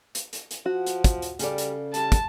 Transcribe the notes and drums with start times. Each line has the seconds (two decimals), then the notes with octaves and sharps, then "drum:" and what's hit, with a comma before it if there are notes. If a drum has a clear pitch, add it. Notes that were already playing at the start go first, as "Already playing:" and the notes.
0.15 drum: hi-hat
0.33 drum: hi-hat
0.51 drum: hi-hat
0.66 F3 F#4
0.87 drum: hi-hat
1.04 drum: kick, hi-hat
1.22 drum: hi-hat
1.39 C#3 G3 A4 D5, drum: hi-hat
1.58 drum: hi-hat
1.94 G3 A5, drum: hi-hat
2.12 drum: kick, hi-hat